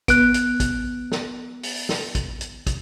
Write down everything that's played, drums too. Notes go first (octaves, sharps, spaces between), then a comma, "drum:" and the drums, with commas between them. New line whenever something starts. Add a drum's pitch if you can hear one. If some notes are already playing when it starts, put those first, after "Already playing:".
B3 F#6 D7, drum: kick, hi-hat
drum: hi-hat
drum: kick, hi-hat
drum: snare
drum: open hi-hat
drum: snare
drum: kick, hi-hat
drum: hi-hat
drum: kick, hi-hat